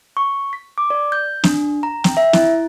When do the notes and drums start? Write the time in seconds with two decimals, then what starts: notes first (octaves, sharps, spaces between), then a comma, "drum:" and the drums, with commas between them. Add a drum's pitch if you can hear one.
0.17 C#6
0.53 B6
0.78 D6
0.90 D5
1.12 G6
1.44 D4, drum: snare
1.83 A#5
2.04 G5, drum: snare
2.17 E5
2.33 E4, drum: snare